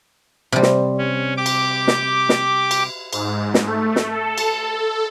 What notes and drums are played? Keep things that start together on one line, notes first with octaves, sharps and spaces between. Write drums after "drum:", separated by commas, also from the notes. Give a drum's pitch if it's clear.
C3 G3
drum: snare
C#4
G4 D6
drum: cymbal
drum: snare
drum: snare
drum: cymbal
G#2, drum: cymbal
drum: snare
A3
drum: snare
A4
drum: cymbal